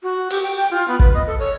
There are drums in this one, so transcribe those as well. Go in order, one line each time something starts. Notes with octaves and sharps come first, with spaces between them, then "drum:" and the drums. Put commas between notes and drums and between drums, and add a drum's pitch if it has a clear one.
F#4
G4, drum: open hi-hat
G5
G5
F4
B3
B4, drum: kick
D#5
A4
C#5